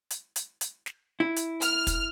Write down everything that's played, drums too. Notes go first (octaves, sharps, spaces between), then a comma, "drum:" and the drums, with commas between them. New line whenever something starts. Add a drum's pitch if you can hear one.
drum: hi-hat
drum: hi-hat
drum: hi-hat
drum: snare
E4
drum: hi-hat
F6, drum: hi-hat
drum: kick, hi-hat